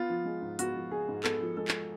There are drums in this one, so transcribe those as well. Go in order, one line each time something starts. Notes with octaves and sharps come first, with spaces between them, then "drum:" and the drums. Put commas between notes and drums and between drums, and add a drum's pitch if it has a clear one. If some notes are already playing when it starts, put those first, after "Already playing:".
Already playing: B3 F4
F3
G#3
G#2
B3 F#4, drum: hi-hat
F3
G#3 G#4
G#2
B3 A4, drum: clap
F3
G#3 A4
drum: clap